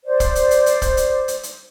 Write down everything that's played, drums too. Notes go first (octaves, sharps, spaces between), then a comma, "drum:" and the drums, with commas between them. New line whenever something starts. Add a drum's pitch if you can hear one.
C5 D5
drum: kick, hi-hat
drum: hi-hat
drum: hi-hat
drum: hi-hat
drum: kick, hi-hat
drum: hi-hat
drum: hi-hat
drum: hi-hat